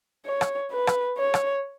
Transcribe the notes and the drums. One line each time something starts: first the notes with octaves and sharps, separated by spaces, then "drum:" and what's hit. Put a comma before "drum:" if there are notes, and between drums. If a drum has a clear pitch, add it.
C#5
drum: rim click
B4
drum: rim click
C#5
drum: rim click